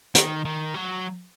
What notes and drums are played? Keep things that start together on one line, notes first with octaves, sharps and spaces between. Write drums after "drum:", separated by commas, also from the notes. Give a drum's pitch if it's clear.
D#3, drum: hi-hat
D#3
F#3